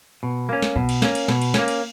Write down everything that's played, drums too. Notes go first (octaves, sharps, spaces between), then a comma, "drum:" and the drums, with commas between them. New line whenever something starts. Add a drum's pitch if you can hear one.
B2
A#3 C#4
drum: snare
B2, drum: kick B1
drum: cymbal
A#3 C#4, drum: snare
drum: cymbal
B2, drum: snare
drum: cymbal
A#3 C#4, drum: snare
drum: cymbal